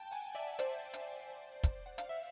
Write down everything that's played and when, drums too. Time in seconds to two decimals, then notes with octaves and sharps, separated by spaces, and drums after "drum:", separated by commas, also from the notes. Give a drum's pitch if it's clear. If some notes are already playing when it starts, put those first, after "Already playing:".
Already playing: G5 A5
0.11 F#5 G#5
0.35 D5 E5
0.59 C5 D5, drum: hi-hat
0.93 drum: hi-hat
1.64 drum: kick, hi-hat
1.86 F#5
1.98 F5, drum: hi-hat
2.09 E5